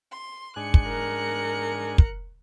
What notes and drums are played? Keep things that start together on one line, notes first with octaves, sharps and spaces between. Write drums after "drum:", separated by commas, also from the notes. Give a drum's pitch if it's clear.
C6
G#2 D4 G#5 F#6 C#7
drum: kick
A#4
drum: kick